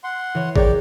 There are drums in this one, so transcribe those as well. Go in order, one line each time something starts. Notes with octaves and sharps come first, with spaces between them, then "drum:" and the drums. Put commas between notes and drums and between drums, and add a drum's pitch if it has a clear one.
F#5 C6
E3 C#5
G#4 A#4 C#5 D5 G5, drum: kick G#1